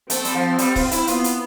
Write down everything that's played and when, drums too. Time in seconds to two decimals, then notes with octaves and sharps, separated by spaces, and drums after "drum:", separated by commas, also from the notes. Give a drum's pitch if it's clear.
0.10 A3 C4, drum: hi-hat
0.25 G3, drum: hi-hat
0.35 F3
0.58 G3, drum: hi-hat
0.76 F4, drum: kick C#1, open hi-hat
0.91 E4, drum: hi-hat
1.07 B3 F4, drum: hi-hat
1.24 drum: hi-hat